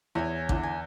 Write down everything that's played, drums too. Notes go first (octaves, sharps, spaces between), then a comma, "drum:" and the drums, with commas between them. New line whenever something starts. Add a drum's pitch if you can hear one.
E2 E4 C#5 G#5
D3 E4, drum: kick A1
G#5